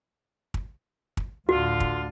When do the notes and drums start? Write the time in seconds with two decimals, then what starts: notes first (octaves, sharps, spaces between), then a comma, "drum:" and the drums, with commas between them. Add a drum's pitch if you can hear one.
0.54 drum: kick
1.17 drum: kick
1.49 D2 A2 D3 F4 F#4
1.80 drum: kick